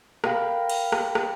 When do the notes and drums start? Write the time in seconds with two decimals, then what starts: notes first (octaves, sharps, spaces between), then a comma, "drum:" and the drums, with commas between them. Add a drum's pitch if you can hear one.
0.24 A#4 F5 G5 B5, drum: rim click
0.69 drum: cymbal
0.92 drum: rim click
1.15 drum: rim click